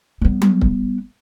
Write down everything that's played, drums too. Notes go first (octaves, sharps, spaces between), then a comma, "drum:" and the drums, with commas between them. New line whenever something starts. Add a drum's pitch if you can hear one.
G3 B3
drum: tom F#3
drum: kick C#1